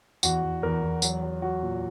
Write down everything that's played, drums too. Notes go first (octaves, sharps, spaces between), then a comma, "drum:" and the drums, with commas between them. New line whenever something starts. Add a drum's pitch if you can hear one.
E2 F#4, drum: tambourine
E2
E2 A#4
E2
F#3, drum: tambourine
F#3
F#3 F#4
A#2